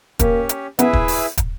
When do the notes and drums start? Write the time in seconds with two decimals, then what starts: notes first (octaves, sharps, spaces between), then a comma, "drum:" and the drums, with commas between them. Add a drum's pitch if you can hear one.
0.19 A#3 C#4 G4 C#5, drum: kick, hi-hat
0.49 drum: hi-hat
0.79 B3 E4 G#4 B4 E5, drum: hi-hat
0.93 drum: kick
1.08 drum: open hi-hat
1.37 drum: kick, hi-hat